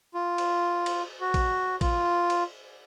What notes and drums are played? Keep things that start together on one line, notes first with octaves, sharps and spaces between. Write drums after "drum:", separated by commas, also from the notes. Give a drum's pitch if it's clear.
F4
drum: cymbal
drum: cymbal
F#4
drum: kick, cymbal
F4, drum: kick, cymbal
drum: cymbal